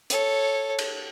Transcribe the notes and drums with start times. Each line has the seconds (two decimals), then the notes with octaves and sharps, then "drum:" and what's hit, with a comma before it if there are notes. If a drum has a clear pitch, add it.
0.10 A4 C#5, drum: hi-hat
0.79 drum: cymbal